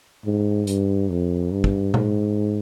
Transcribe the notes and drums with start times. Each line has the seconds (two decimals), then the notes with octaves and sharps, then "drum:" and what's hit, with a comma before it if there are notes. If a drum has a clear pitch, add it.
0.25 G#2
0.67 G2, drum: hi-hat
1.10 F2
1.51 G2
1.64 drum: kick
1.94 G#2, drum: tom A#2